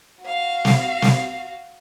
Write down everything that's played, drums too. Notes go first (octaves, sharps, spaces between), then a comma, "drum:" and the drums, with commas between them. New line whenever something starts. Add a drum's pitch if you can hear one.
F#4 F5
drum: snare
drum: snare